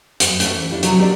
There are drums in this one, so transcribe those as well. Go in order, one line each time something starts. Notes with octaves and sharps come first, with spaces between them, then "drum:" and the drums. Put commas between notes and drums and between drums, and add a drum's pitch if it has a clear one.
F#2, drum: hi-hat
D#2 C#4 A4 B4 E5, drum: hi-hat
E3
D4 E4 F4 G4
C3 F#3 F#4 A4, drum: hi-hat
D#3 C4 G4 A#4 C5 D5